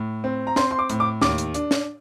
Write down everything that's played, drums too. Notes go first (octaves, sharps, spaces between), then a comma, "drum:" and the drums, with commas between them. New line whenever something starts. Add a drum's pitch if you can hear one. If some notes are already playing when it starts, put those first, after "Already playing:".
Already playing: A2
C4
A#5
C4 C6, drum: snare
C6
D6
A2, drum: hi-hat
D6
D#2 D6, drum: snare
drum: hi-hat
D4, drum: hi-hat
drum: snare